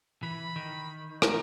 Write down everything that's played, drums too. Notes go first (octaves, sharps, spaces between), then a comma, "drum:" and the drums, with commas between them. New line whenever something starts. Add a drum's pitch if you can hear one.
E3 B5
D#3
A#5, drum: rim click